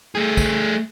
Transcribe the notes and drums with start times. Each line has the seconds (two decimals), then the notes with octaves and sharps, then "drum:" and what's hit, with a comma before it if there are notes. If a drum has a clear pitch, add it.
0.15 A3 G#4
0.37 drum: kick, tambourine